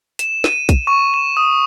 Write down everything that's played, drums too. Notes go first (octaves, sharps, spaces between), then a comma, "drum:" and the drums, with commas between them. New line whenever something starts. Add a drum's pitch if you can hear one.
E7, drum: hi-hat
D#7, drum: snare
drum: kick, hi-hat
C#6
E7
D#6